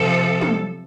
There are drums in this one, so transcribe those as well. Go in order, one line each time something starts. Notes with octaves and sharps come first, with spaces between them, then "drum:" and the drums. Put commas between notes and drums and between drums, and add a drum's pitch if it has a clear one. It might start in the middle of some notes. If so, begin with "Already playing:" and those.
Already playing: C3 F3 A4
drum: tom